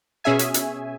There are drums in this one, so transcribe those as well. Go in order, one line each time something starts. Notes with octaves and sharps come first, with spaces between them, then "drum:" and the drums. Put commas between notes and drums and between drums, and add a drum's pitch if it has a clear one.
B2 C#4 G#4 E5 G#5
drum: hi-hat
drum: hi-hat